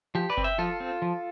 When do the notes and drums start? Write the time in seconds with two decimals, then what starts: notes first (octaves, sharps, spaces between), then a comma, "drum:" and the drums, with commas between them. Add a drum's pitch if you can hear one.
0.15 F3 G4
0.30 B4 D5
0.37 C4, drum: kick F#1
0.44 E5 G5
0.58 F3 F4 A4
0.80 C4
1.02 F3